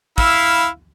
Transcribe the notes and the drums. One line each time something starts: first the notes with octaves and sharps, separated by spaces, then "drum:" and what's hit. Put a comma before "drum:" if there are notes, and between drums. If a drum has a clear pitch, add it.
E4 F5 E6, drum: kick